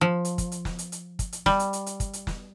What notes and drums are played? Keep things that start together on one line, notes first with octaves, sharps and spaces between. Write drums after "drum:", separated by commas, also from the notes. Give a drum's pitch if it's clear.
F3
drum: hi-hat
drum: kick, hi-hat
drum: hi-hat
drum: snare
drum: hi-hat
drum: hi-hat
drum: kick, hi-hat
drum: hi-hat
G3, drum: snare
drum: hi-hat
drum: hi-hat
drum: hi-hat
drum: kick, hi-hat
drum: hi-hat
drum: snare